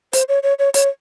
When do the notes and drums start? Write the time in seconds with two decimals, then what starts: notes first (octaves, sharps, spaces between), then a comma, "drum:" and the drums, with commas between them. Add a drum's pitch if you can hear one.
0.13 C5, drum: hi-hat
0.29 C#5
0.43 C#5
0.59 C#5
0.74 C#5, drum: hi-hat